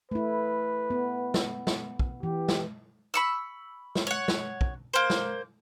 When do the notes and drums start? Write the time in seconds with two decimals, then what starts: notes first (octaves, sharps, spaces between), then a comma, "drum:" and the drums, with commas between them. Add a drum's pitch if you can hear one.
0.11 A3 E4 B4
0.90 B3
1.34 drum: snare
1.67 drum: snare
1.99 drum: kick
2.23 E3 G4
2.48 drum: snare
3.14 B5 C#6 E6
3.95 drum: snare
4.07 C#5 F#5
4.28 drum: snare
4.61 drum: kick
4.93 A#3 C5
5.10 drum: snare